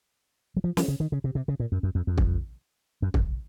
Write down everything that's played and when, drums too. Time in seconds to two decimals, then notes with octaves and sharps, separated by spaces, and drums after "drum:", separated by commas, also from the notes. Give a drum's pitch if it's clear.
0.56 F#3
0.64 F3
0.77 F3, drum: snare
0.88 C#3
1.00 D#3
1.12 C#3
1.24 C3
1.35 C3
1.48 C#3
1.60 A#2
1.72 F#2
1.83 F#2
1.95 F2
2.07 F2
2.18 drum: kick
3.02 F#2
3.14 F#2, drum: kick